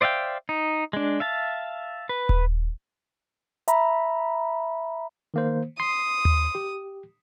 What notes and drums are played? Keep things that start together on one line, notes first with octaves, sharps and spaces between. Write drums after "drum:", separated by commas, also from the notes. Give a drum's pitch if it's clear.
C5 D5 E5 F5 G5
D#4
G#3 D4
E5 F5 A5
B4
drum: kick D#1
E5 A#5 B5, drum: hi-hat
D#3 A#3 C5
C6 D#6 C7
drum: tom D#2
G4